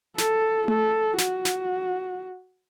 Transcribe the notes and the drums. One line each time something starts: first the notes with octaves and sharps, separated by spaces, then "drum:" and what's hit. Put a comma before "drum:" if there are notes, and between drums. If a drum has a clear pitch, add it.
A4, drum: snare
A4, drum: tom A3
F#4, drum: snare
drum: snare